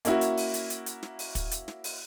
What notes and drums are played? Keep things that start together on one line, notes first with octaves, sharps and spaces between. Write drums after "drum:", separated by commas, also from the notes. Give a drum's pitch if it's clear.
A#3 C#4 E4 F#4, drum: hi-hat
drum: hi-hat
drum: open hi-hat
drum: hi-hat
drum: hi-hat
drum: hi-hat
drum: snare
drum: open hi-hat
drum: kick, hi-hat
drum: hi-hat
drum: snare
drum: open hi-hat